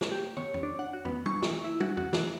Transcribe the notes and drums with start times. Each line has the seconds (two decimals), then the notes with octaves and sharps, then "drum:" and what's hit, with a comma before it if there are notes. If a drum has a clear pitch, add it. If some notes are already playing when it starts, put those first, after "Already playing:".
0.01 drum: snare
0.12 G4
0.37 C#5, drum: tom
0.54 drum: tom
0.63 D4
0.79 F#5
0.93 F#4
1.05 B3, drum: tom
1.26 C#6, drum: tom
1.42 E3, drum: snare
1.64 E4
1.80 F#4, drum: tom
1.97 F#4, drum: tom
2.13 E3, drum: snare